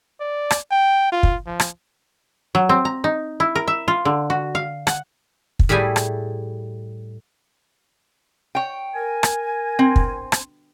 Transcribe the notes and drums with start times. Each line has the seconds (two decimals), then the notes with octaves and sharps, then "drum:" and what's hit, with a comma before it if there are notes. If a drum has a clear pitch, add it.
0.20 D5
0.51 drum: rim click
0.71 G5
1.12 F4
1.23 drum: kick
1.46 F3
1.60 drum: rim click
2.55 F#3
2.69 C4
2.85 A#5
3.04 D#4
3.40 E4
3.55 A#4
3.67 E5
3.88 F4
4.05 D3
4.30 F#4
4.55 F5
4.87 F#5, drum: rim click
5.59 drum: kick
5.69 A2 G3 E4 G4 G#4 G#5
5.96 drum: rim click
8.55 C#5 G5
8.95 A#4 G#5
9.23 drum: rim click
9.79 C4
9.96 drum: kick
10.32 drum: rim click